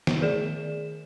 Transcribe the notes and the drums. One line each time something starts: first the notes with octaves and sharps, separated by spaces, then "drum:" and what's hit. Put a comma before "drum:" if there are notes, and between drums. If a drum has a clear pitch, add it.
drum: snare
D#3 G#4 A#4 D5 E7